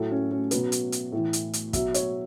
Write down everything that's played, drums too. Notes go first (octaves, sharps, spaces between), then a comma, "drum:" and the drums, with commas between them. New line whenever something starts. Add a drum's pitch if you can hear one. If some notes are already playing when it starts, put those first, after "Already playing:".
Already playing: A2 F#3 A4
C#4
C#4
B2 F#3 B4, drum: hi-hat
drum: hi-hat
drum: hi-hat
A2 E3
drum: hi-hat
drum: hi-hat
B2 F#3 E5, drum: kick, hi-hat
C#5, drum: hi-hat